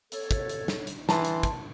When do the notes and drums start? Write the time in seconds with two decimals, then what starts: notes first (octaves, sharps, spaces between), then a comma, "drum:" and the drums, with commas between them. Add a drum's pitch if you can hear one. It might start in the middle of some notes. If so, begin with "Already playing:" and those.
0.12 A4 C#5, drum: hi-hat
0.31 drum: kick, hi-hat
0.49 drum: hi-hat
0.68 drum: snare
0.87 drum: hi-hat
1.09 E3 A5 C6, drum: snare
1.25 drum: hi-hat
1.43 drum: kick, hi-hat